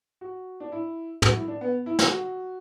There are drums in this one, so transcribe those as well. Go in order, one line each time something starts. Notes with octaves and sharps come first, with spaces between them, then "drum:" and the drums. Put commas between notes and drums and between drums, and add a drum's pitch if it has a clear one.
F#4
D4
E4
F#4, drum: tom
E4
D4
B3
E4
F#4, drum: snare
F#4